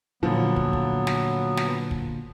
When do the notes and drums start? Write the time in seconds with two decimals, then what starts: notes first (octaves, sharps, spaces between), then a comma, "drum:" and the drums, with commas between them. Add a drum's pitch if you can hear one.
0.23 A#2 D3 F3 F#3 B3
0.56 drum: kick
0.73 drum: kick
1.07 drum: snare
1.57 drum: snare
1.91 drum: kick